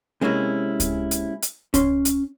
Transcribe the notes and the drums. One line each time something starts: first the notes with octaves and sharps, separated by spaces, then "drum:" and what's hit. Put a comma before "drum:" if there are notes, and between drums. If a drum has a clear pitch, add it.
C3 G#3 A#3 C4 C#4 E4
drum: kick C#2, hi-hat
drum: hi-hat
drum: hi-hat
C#4 C6, drum: kick C#2, hi-hat
drum: hi-hat